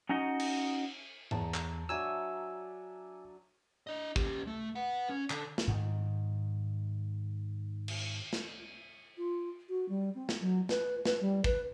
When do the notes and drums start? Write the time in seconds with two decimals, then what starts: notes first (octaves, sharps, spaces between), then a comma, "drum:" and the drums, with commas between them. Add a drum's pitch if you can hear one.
0.09 C#4 D#4 F#4 D#5
0.40 drum: cymbal
1.31 E2 A5 A#5, drum: tom G#2
1.54 drum: clap
1.89 F#3 D4 E5 G#5 E6
3.87 D4 D#5
4.16 C#4 G4, drum: kick
4.47 A3
4.75 B4 F#5
5.09 C#4
5.30 D3, drum: clap
5.58 drum: snare
5.68 G#2 D#3
7.88 drum: cymbal
8.33 drum: snare
9.18 F4
9.69 F#4
9.89 G3
10.15 C4
10.29 drum: snare
10.41 F#3
10.69 B4, drum: snare
11.05 B4, drum: snare
11.21 G3
11.44 B4, drum: kick